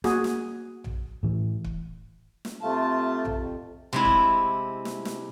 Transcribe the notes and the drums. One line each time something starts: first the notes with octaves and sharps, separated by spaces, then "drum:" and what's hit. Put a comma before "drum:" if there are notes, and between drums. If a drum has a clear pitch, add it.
A#3 F#4 G#4, drum: snare
drum: snare
drum: tom A#1
A2 E3
drum: kick
drum: snare
C3 A3 F4 A5
drum: tom A#1
F2
C3 G#3 E4
drum: kick
drum: snare
drum: snare